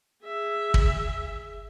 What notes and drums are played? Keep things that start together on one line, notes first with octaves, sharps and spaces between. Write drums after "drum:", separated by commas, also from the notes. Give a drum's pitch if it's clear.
G#4 E5
drum: kick